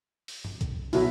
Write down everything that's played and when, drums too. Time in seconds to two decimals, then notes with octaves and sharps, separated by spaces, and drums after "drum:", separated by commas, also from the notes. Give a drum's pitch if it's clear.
0.28 drum: open hi-hat
0.44 drum: tom G2
0.61 drum: kick B1, hi-hat
0.93 B2 F#3 E4, drum: open hi-hat